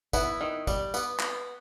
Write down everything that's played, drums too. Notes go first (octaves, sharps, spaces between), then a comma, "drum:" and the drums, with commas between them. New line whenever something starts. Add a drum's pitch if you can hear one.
B3 E4, drum: kick G#1, tambourine
D#3
G3, drum: kick G#1, tambourine
B3, drum: tambourine
B3, drum: clap